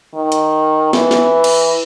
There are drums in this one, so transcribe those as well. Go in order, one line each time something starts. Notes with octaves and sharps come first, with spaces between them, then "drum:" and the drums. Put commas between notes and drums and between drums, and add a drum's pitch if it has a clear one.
D#3
drum: hi-hat
E3, drum: snare
drum: snare
drum: cymbal